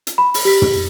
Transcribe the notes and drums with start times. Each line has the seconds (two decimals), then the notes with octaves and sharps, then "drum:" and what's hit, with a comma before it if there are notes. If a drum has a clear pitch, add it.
0.07 drum: hi-hat
0.18 B5
0.34 drum: open hi-hat
0.45 G4 B6
0.62 drum: tom